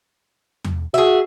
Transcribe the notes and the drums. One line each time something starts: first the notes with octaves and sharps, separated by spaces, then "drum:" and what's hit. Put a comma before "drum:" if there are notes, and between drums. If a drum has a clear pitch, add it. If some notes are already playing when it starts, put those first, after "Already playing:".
drum: tom E2
F#4 G#4 E5